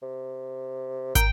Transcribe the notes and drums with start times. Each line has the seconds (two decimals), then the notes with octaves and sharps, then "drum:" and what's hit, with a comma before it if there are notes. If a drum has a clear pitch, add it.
0.02 C3
1.15 A#4 G5, drum: kick, hi-hat